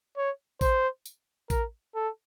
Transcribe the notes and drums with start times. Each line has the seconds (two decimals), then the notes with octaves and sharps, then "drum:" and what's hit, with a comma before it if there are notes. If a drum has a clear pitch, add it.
0.17 C#5
0.61 C5, drum: kick A1, tambourine
1.06 drum: tambourine
1.50 A#4, drum: kick A1, tambourine
1.95 A4